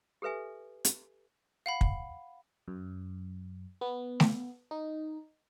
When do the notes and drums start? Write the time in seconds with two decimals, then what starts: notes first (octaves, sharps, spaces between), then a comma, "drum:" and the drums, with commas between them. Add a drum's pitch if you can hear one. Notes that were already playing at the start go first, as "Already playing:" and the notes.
0.22 G4 A4 B4 E5 G#5
0.85 drum: hi-hat
1.66 F5 F#5 B5
1.81 drum: kick
2.68 F#2
3.81 B3
4.20 drum: snare A3
4.71 D#4